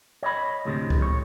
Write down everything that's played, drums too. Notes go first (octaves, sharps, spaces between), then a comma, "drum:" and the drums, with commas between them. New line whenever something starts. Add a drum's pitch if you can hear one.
C#5 D#5 B5
D2 A2 C3 G#3
drum: kick C#2
C#5